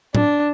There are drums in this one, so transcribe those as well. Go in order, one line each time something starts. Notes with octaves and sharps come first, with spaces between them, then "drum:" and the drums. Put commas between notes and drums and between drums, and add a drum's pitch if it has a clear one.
D4, drum: tom A2